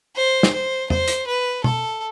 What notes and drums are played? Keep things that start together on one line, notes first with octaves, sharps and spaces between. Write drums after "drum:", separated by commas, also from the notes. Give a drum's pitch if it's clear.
C5
drum: snare
C5
C5, drum: tom
drum: hi-hat
B4
A4, drum: tom B2